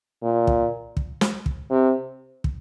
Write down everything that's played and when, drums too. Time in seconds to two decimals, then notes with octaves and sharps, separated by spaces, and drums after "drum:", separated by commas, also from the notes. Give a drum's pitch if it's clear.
0.23 A#2
0.47 drum: kick
0.97 drum: kick
1.21 drum: snare
1.46 drum: kick
1.70 C3
2.44 drum: kick